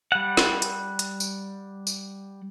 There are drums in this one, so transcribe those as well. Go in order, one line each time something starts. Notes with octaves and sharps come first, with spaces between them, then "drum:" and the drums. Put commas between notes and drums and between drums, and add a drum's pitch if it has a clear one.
G3 F#5
drum: snare
drum: hi-hat
drum: hi-hat
drum: tambourine
drum: tambourine